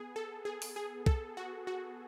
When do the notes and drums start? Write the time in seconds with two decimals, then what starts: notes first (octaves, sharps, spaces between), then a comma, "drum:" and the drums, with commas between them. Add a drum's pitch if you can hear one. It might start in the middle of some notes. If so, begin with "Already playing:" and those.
Already playing: B3 G#4
0.16 A4
0.45 G#4
0.62 drum: open hi-hat
0.76 G#4
1.06 A4, drum: kick
1.37 F#4
1.67 F#4